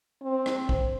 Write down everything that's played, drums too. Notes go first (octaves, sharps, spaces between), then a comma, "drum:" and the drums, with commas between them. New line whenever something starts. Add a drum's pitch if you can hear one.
C4
drum: rim click
drum: kick